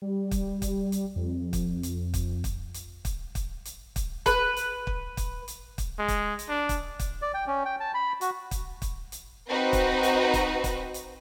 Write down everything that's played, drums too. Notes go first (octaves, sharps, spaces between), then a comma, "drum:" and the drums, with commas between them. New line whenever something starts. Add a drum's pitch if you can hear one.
G3
drum: kick, hi-hat
drum: kick, hi-hat
drum: hi-hat
F2
drum: kick, hi-hat
drum: hi-hat
drum: kick, hi-hat
drum: kick, hi-hat
drum: hi-hat
drum: kick, hi-hat
drum: kick, hi-hat
drum: hi-hat
drum: kick, hi-hat
B4, drum: kick, hi-hat
drum: hi-hat
drum: kick
drum: kick, hi-hat
drum: hi-hat
drum: kick, hi-hat
G#3
drum: kick, hi-hat
drum: hi-hat
D4
drum: kick, hi-hat
drum: kick, hi-hat
D5
G5
C#4
G5
A5
B5
F#4, drum: hi-hat
drum: kick, hi-hat
drum: kick, hi-hat
drum: hi-hat
C4 D#4 F#4 B4
drum: kick, hi-hat
drum: hi-hat
drum: kick, hi-hat
drum: kick, hi-hat
drum: hi-hat